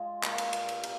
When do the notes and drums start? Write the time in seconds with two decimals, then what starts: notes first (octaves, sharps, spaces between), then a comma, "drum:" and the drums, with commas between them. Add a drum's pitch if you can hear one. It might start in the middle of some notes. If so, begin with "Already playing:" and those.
Already playing: G#3 F4
0.23 A#3, drum: clap
0.38 drum: cymbal
0.53 A#2, drum: cymbal
0.69 drum: cymbal
0.83 A#3, drum: cymbal